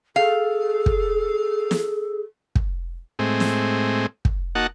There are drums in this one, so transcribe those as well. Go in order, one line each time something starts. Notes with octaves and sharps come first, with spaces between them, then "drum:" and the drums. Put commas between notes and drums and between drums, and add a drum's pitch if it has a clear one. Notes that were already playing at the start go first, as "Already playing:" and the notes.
G#4 A4 F5
drum: kick
drum: snare
drum: kick
A2 G#3 C4
drum: snare
drum: kick
A#3 D#4 F#4 F#5 A5